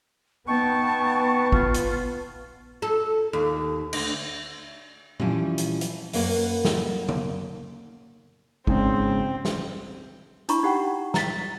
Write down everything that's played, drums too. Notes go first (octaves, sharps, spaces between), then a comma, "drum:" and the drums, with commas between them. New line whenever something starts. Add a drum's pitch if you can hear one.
B3 D#4 G5 A5 C#6
F4, drum: kick
drum: hi-hat
A4
D#2
D2, drum: cymbal
E3 F3 G3 C#4, drum: tom A#2
drum: hi-hat
drum: hi-hat
F#2 A#3 B4 C#5 F#5, drum: open hi-hat
drum: snare
drum: tom C#3
G#2 C#3 C4, drum: kick
drum: snare
D4 E4 A#5 B5 C#6, drum: hi-hat
D#4 G4 F#5 G5
A#5 A6 B6, drum: snare